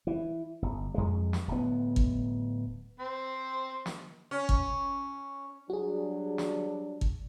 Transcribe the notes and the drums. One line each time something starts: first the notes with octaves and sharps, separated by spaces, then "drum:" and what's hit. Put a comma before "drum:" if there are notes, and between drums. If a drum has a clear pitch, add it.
E3
G1
F2 G#3
drum: snare
D1 B3
drum: kick
C4 C5
drum: snare
C#4
drum: kick
F#3 G3 D4 F#4 G#4
drum: snare
drum: kick